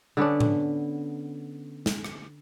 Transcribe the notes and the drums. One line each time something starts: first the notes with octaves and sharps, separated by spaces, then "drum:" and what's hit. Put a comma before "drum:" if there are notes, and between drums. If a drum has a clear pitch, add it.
D3 B3 C#4 D4
drum: tom A2
drum: snare
drum: rim click